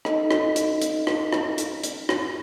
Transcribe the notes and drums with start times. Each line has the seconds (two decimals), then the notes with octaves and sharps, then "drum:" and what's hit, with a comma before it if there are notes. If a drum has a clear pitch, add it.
0.05 D#4 A4 D#5, drum: rim click
0.31 drum: rim click
0.56 drum: hi-hat
0.82 drum: hi-hat
1.07 drum: rim click
1.33 drum: rim click
1.58 drum: hi-hat
1.84 drum: hi-hat
2.09 drum: rim click